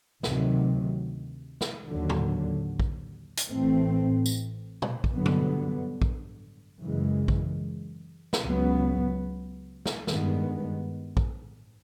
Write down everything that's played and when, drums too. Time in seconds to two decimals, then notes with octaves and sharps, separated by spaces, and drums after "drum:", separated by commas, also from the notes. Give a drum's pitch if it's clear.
0.23 D2 C3 D#3 F#3, drum: snare
1.61 drum: snare
1.88 D#2 D3 F#3
2.10 drum: tom A2
2.80 drum: kick A#1
3.37 drum: hi-hat
3.51 A1 A2 E3 A3 C4
4.26 drum: tambourine
4.82 drum: tom
5.04 drum: kick A#1
5.15 G2 D3 F#3 B3
5.26 drum: tom B2
6.02 drum: kick A#1
6.79 F#2 C#3 E3 G#3
7.28 drum: kick A#1
8.33 drum: snare
8.43 C#2 C#3 F#3 B3
9.86 drum: snare
10.07 G2 D#3 G#3 B3, drum: snare
11.17 drum: kick A#1